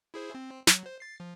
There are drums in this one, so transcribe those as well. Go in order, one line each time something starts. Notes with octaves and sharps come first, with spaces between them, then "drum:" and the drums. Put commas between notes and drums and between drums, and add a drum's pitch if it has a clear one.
E4 G#4 C5
C4
F#3, drum: snare
C5
A6 C7
F3